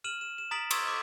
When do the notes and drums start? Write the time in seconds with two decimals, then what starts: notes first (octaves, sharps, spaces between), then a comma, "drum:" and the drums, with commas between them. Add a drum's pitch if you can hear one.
0.04 F6 D#7 E7 F#7
0.21 E7
0.38 E7
0.51 A#5 D#6 A6 B6 D7 F#7
0.71 C6 C#6 D#6 E6 G#6 A6, drum: cymbal
0.88 D6